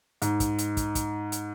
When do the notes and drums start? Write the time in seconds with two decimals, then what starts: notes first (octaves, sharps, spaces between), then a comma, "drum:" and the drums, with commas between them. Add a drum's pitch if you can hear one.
0.22 G#2, drum: hi-hat
0.40 drum: kick, hi-hat
0.58 drum: hi-hat
0.77 drum: kick, hi-hat
0.95 drum: kick, hi-hat
1.32 drum: hi-hat